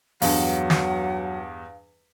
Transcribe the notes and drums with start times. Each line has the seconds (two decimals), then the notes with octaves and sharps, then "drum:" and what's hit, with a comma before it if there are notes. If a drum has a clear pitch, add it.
0.22 E2 G2 F#3 F5 F#5, drum: open hi-hat
0.70 drum: snare